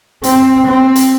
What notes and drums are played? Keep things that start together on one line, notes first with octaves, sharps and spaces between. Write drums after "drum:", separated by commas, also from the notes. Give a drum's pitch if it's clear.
C4, drum: hi-hat
C4
drum: hi-hat